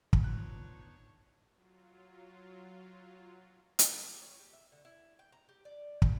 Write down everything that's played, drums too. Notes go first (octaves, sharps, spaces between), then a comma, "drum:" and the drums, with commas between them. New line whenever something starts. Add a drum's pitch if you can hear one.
drum: kick
B3 D4 D#4 F4 C#5 F#6
F#3 F4
drum: hi-hat
A3
G4
C#5
G4
E5
D3
E4
G5
A#5
G4
D5
G4, drum: kick